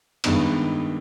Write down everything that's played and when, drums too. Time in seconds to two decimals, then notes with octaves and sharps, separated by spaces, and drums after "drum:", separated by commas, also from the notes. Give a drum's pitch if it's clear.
0.24 G2 D#3 G#3 B3 D#4, drum: cymbal